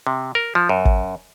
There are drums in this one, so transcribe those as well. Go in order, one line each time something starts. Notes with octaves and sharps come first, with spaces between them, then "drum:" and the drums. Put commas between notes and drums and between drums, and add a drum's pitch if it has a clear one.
C3
A#4
F3
F#2
drum: kick